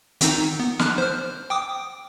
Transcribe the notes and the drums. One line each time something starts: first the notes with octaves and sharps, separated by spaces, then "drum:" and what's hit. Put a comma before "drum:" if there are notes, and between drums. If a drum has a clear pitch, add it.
D#3 C4 D#4, drum: hi-hat
B3
F6 F#6, drum: snare
C5 F6
G5 D6 D#6